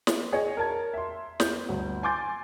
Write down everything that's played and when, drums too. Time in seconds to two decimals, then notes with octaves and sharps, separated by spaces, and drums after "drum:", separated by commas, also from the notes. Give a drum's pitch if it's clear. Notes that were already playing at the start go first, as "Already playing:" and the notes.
0.07 drum: snare
0.32 G#4 C#5 D#5
0.57 A#4 A5 G#6
0.94 E5 C6
1.40 G6, drum: snare
1.69 G1 D2
2.03 G#5 C6 D6 G6 A6